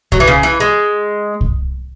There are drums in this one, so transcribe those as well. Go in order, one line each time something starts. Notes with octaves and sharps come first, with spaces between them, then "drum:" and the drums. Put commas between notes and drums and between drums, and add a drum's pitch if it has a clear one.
F#3, drum: kick C2
E3
C#3
E3
G#3
drum: kick C2